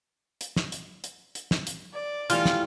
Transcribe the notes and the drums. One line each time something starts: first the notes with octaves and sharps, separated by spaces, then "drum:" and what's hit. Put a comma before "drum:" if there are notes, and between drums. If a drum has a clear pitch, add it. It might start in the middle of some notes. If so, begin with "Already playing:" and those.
drum: hi-hat
drum: snare
drum: hi-hat
drum: hi-hat
drum: hi-hat
drum: snare
drum: hi-hat
D5
E3 G3 A3 F4 F6, drum: hi-hat
drum: snare